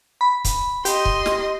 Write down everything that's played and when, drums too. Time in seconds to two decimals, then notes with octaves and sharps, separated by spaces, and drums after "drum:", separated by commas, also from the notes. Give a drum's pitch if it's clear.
0.21 B5
0.45 drum: kick, hi-hat
0.85 G4 D#5 C6, drum: hi-hat
1.05 drum: kick
1.26 drum: snare